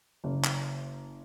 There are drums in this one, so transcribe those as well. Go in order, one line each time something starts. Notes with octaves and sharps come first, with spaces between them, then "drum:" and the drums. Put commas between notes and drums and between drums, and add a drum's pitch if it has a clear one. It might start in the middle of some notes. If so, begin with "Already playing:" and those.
F#1
drum: clap